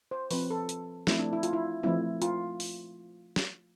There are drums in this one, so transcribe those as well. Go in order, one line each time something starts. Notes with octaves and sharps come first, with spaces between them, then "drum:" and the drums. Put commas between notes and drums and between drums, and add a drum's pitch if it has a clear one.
C5
F3 C4 B4, drum: open hi-hat
A4
drum: hi-hat
F3 A3 C4 E4, drum: snare
D4
E4
F4, drum: hi-hat
E4
F3 A3 C4 E4, drum: tom E3
F4, drum: hi-hat
drum: open hi-hat
drum: snare